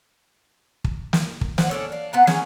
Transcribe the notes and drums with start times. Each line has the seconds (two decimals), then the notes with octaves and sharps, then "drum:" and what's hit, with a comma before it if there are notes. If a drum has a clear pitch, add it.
0.84 drum: kick
1.13 drum: snare
1.41 drum: kick
1.58 C5 F#5, drum: snare
1.70 C#4 D4 A4 C#5
1.92 D4 F5
2.13 B3 C4 F#5 A#5
2.27 C#4 G#4 F#5, drum: snare